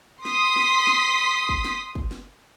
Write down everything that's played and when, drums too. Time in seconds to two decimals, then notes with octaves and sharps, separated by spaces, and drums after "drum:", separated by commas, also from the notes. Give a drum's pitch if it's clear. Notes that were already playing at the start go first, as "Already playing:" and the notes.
0.25 C6 D#6 B6, drum: snare
0.56 drum: snare
0.87 drum: snare
1.49 drum: kick
1.64 drum: snare
1.95 drum: kick
2.11 drum: snare